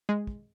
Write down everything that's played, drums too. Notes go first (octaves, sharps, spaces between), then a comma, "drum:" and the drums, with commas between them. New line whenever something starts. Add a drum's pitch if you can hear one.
G#3
drum: kick